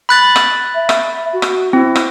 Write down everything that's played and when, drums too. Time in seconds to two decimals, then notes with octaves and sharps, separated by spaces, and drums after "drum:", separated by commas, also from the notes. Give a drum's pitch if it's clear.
0.09 B5 F#6 A6
0.36 drum: rim click
0.75 E5
0.89 drum: rim click
1.33 F#4
1.42 drum: rim click
1.73 C4 E4
1.95 drum: rim click